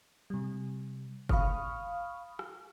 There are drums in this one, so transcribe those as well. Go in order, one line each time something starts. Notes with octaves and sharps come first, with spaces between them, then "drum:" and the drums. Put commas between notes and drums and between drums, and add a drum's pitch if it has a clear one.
C3 G3
F5 B5 C#6 D#6 F6, drum: kick F#1
drum: rim click